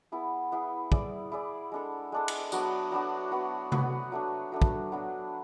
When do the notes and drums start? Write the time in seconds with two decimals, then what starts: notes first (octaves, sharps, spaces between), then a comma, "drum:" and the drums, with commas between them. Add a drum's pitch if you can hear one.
0.12 B3 E4 G#4
0.52 B3 E4 G#4
0.92 E4 G#4 D5, drum: kick
1.32 E4 G#4 D5
1.72 G#3 D4 A4
2.12 G#3 D4 A4
2.28 drum: cymbal
2.52 F#3 B3 D4 F#4, drum: tambourine
2.92 F#3 B3 D4 F#4
3.32 B3 F#4 B4
3.72 B3 F#4 B4, drum: tom C3
4.12 F#3 A3 D4
4.52 F#3 A3 D4
4.62 drum: kick
4.92 F#3 B3 D4